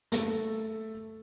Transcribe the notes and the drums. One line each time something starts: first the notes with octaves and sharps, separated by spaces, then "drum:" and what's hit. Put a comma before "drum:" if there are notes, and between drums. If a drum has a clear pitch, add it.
A3 A4, drum: hi-hat